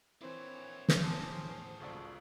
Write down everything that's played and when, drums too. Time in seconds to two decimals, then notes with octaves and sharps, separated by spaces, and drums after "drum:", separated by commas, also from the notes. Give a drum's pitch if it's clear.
0.21 E3 A#3 C4 E4 C5 C#5
0.89 drum: snare
1.02 E2 A2 C#4 C5 A5 C6 D6 D#6
1.80 G#1 C#2 F4 F#4 A4 D5